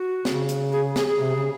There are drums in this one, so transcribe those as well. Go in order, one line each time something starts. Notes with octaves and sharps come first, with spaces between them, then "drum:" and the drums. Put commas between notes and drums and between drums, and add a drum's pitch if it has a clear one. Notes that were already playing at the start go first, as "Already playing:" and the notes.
Already playing: F#4
C#3, drum: snare
drum: hi-hat
G#4
G#4, drum: snare
G#4
C3
C#3